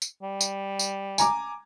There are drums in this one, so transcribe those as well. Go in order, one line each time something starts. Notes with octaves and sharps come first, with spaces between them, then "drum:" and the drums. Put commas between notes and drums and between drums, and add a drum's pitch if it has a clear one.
drum: tambourine
G3
drum: tambourine
drum: tambourine
G#5 A#5 D6, drum: tambourine